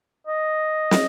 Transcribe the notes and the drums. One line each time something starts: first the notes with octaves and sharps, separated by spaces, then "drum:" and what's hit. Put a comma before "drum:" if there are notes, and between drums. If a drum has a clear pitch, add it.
D#5
drum: snare